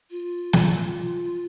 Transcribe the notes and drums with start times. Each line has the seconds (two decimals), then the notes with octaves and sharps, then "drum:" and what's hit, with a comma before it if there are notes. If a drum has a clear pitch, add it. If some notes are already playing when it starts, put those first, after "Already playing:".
0.11 F4
0.53 drum: snare